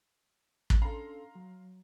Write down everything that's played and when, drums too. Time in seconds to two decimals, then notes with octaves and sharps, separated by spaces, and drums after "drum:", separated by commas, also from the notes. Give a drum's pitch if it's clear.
0.70 drum: kick
0.82 C#4 D4 A4 F5 A#5 C6
1.35 F#3